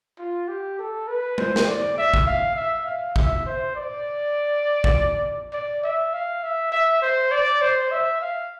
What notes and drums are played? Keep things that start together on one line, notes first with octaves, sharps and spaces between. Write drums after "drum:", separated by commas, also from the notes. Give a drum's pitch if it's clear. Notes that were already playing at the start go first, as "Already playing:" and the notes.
F4
G4
A4
B4
C5, drum: tom G#3
drum: snare
D5
E5
drum: kick G#1
F5
E5
F5
E5, drum: kick G#1
C5
D5
drum: kick G#1
D5
E5
F5
E5
E5
C5
D5
C5
E5
F5